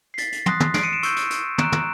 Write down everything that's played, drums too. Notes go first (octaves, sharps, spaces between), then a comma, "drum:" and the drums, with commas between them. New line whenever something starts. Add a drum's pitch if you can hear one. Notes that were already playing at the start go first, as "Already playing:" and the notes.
C7
A6 B6, drum: hi-hat
drum: hi-hat
C6 D#6 F#6 A#6 C7, drum: tom
drum: tom
C7 D7, drum: snare
C#7 D#7
D7 E7
C#6 E6 G6, drum: hi-hat
drum: hi-hat
drum: hi-hat
A#5 C#6 F#6 D7 E7, drum: tom
drum: tom